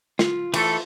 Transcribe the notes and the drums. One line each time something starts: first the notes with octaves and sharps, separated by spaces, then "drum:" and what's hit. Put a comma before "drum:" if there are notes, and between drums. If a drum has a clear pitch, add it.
F4, drum: snare
E3 A3 A4, drum: cymbal